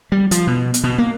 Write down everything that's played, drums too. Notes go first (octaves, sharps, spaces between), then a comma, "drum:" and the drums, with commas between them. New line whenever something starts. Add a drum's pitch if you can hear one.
G3
F3, drum: hi-hat
B2
drum: hi-hat
B2
A#3